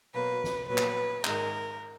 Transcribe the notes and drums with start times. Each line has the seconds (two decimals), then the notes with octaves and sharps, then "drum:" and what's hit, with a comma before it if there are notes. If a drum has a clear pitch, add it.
0.13 B2 F#3 A#3 B4
0.44 drum: snare
0.68 A#2 F#3 B3 B4
0.78 drum: clap
1.24 G#2 D#3 G#3 A#4, drum: clap